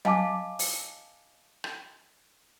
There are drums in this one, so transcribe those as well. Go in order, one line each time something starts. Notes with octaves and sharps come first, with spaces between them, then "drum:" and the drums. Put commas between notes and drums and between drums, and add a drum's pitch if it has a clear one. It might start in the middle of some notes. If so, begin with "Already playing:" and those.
D#5 F5 G#5 A5 D6, drum: tom F#3
drum: open hi-hat
drum: rim click